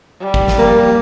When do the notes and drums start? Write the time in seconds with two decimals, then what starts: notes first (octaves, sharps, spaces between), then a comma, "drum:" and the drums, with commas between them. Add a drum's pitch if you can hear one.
0.20 G3
0.34 drum: kick
0.48 drum: snare
0.58 A#3